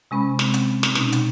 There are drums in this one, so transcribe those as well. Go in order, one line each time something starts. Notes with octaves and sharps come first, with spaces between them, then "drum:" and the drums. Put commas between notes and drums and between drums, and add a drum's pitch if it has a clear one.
C3 G#3 C#4 B5
C4, drum: snare
drum: hi-hat
drum: snare
B2 C#4 D#4, drum: snare
drum: hi-hat